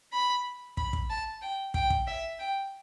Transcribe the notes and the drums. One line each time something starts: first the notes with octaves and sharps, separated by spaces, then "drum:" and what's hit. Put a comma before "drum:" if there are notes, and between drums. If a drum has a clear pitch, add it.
B5
B5, drum: kick
drum: kick
A5
G5
G5, drum: kick
drum: kick
E5
G5